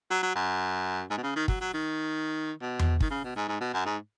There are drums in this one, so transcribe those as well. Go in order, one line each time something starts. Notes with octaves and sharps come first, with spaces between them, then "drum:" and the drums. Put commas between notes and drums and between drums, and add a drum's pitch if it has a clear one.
F#3
F#3
F#2
G#2
B2
C#3
D#3
F#3, drum: kick
F#3
D#3
B2
drum: tom E2
D#3, drum: kick
C#3
B2
G#2
G#2
B2
F#2
G#2